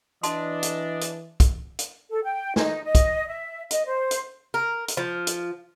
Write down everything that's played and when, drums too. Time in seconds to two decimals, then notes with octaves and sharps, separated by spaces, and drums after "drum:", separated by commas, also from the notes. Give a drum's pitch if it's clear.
0.23 E3 D4 D#5 A5 C6, drum: hi-hat
0.63 drum: hi-hat
1.01 drum: hi-hat
1.40 drum: kick, hi-hat
1.79 drum: hi-hat
2.10 A4
2.24 G5
2.56 D#4, drum: snare
2.84 D#5
2.95 drum: kick, hi-hat
3.28 E5
3.71 D#5, drum: hi-hat
3.86 C5
4.11 drum: hi-hat
4.54 A#4
4.88 drum: hi-hat
4.97 F3
5.27 drum: hi-hat